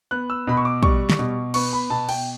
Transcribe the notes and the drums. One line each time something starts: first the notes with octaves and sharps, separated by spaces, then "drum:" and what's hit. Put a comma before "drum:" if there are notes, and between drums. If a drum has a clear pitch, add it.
B3 F#6
E6
B2 B5
C#6
D6
G3 C#6, drum: kick
drum: snare
B2
B3 C#6, drum: cymbal
B5
B2 A5
G5, drum: cymbal